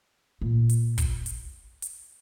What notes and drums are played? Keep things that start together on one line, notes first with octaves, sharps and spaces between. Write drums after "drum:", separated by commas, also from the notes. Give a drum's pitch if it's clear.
A#2
drum: hi-hat
drum: kick, hi-hat
drum: hi-hat
drum: hi-hat